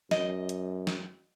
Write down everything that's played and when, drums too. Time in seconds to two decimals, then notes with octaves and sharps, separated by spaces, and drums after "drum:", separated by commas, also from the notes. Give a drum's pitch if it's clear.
0.11 F#2 D#5, drum: snare
0.49 drum: hi-hat
0.87 drum: snare